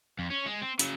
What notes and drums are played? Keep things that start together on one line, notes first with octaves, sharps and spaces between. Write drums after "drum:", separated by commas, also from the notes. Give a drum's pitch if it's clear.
F2
C#4
G#3
C4
C#3 F#3, drum: hi-hat